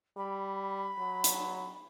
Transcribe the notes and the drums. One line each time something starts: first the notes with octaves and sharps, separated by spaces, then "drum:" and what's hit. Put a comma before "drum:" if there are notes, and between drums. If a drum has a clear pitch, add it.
G3 B5
F#3
drum: hi-hat